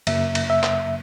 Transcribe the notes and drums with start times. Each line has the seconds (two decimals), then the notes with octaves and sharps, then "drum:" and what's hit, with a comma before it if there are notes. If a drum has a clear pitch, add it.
0.07 F#2 C#3 F#3 A#3 E5, drum: cymbal
0.35 drum: cymbal
0.50 E5
0.63 drum: clap